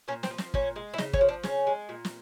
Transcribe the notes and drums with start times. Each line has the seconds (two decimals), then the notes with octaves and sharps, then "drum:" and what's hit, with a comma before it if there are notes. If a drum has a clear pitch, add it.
0.08 A#2 C#4
0.23 C4, drum: snare
0.31 F3
0.38 C4, drum: snare
0.54 A#2 C#4, drum: kick
0.76 G#3
0.94 E4
0.98 C#3 D#4, drum: snare
1.13 C#4, drum: kick
1.21 F3
1.29 D4
1.43 C#3 C#4, drum: snare
1.67 G#3
1.89 A#2
2.05 drum: snare